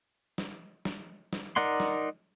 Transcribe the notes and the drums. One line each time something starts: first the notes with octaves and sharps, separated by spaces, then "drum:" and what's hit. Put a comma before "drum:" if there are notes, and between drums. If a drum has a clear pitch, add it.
drum: snare
drum: snare
drum: snare
D#4 A#4 D5 F#5 C6
drum: snare